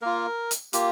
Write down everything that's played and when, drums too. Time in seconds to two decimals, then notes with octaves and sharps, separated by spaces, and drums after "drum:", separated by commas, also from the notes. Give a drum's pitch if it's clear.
0.02 A#3 F4 A#4
0.51 drum: hi-hat
0.73 A#3 F4 G4, drum: hi-hat